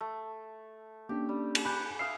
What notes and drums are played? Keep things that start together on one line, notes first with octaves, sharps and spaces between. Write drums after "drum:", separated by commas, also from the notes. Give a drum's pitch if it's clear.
A3
A#3 C#4 D4 G4
G3
drum: cymbal
G#5 B5 D6 F#6 G6
E5 F5 D#6 C7